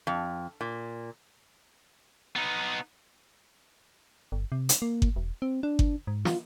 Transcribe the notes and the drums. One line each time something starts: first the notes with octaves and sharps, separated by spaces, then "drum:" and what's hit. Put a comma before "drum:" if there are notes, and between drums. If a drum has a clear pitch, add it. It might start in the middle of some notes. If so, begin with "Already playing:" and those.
F2
A#2
B3 D#4
G1
C3
drum: hi-hat
A#3
drum: kick G1
E1
C4
D4
drum: kick G1
G#2
F4, drum: snare